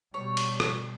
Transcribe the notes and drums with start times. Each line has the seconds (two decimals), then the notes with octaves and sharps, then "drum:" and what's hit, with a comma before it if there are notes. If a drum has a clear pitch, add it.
0.14 B2 G3 C#5
0.37 drum: cymbal
0.60 drum: rim click